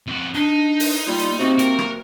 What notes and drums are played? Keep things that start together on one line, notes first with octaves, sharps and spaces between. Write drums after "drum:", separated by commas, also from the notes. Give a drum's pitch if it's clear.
F2 F#4
D4 D#4
drum: open hi-hat
G3 A#3 F4
drum: hi-hat
C3 A#3 C4 F#4
A#4, drum: hi-hat
drum: rim click